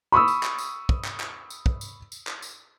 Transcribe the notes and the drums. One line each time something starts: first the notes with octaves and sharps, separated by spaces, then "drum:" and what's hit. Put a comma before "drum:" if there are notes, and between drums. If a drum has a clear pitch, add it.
B5 C#6 D#6 E6
drum: tambourine
drum: clap
drum: tambourine
drum: kick
drum: clap
drum: clap
drum: tambourine
drum: kick
drum: tambourine
drum: tambourine
drum: clap
drum: tambourine